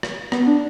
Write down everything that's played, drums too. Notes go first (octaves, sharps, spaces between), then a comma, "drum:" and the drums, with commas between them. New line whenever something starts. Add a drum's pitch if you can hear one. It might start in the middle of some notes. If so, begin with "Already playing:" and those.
drum: rim click
B3, drum: rim click
D4